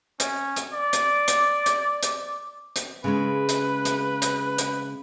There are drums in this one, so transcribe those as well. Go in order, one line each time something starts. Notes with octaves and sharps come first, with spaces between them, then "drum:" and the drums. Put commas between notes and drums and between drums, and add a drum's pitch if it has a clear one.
C#4, drum: hi-hat
drum: hi-hat
D5
drum: hi-hat
D6, drum: hi-hat
drum: hi-hat
drum: hi-hat
drum: hi-hat
C#3 G#3 C#4 B4
drum: hi-hat
drum: hi-hat
drum: hi-hat
drum: hi-hat